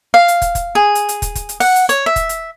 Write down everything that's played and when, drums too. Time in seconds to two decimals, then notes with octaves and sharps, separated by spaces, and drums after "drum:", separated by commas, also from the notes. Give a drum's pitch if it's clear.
0.14 F5
0.28 drum: hi-hat
0.42 drum: kick, hi-hat
0.55 drum: kick, hi-hat
0.75 G#4
0.95 drum: hi-hat
1.09 drum: hi-hat
1.22 drum: kick, hi-hat
1.35 drum: kick, hi-hat
1.49 drum: hi-hat
1.60 F#5, drum: open hi-hat
1.76 drum: hi-hat
1.89 C#5, drum: hi-hat
2.06 E5
2.16 drum: kick, hi-hat
2.29 drum: hi-hat